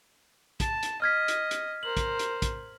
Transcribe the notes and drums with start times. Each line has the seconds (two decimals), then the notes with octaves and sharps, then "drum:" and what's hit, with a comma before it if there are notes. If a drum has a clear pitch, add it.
0.60 A5, drum: kick, hi-hat
0.83 drum: hi-hat
1.02 D#5 F6 G#6 B6
1.28 drum: hi-hat
1.51 drum: hi-hat
1.83 A#4 C5 F#7
1.97 drum: kick, hi-hat
2.19 drum: hi-hat
2.42 drum: kick, hi-hat